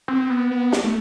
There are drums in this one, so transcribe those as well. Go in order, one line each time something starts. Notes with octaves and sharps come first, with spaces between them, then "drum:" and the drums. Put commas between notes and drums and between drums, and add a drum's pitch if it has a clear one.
C4
B3
B3
drum: snare
A3